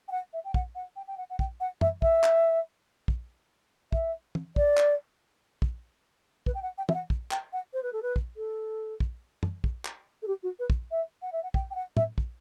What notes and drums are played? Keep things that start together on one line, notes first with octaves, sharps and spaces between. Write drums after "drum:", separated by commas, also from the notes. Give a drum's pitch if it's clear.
G5
F#5
E5
G5
F#5, drum: kick
F#5
G5
G5
F#5
F#5
G5, drum: kick
F#5
E5, drum: tom
E5, drum: kick
drum: clap
drum: kick
E5, drum: kick
drum: tom
D5, drum: kick
drum: clap
drum: kick
B4, drum: kick
G5
F#5
G5
E5, drum: tom
F#5
drum: kick
G5, drum: clap
F#5
C5
B4
A4
B4
drum: kick
A4
drum: kick
drum: tom
drum: kick
drum: clap
A4
G4
F#4
B4
drum: kick
E5
F#5
E5
F#5
G5, drum: kick
G5
F#5
E5, drum: tom
drum: kick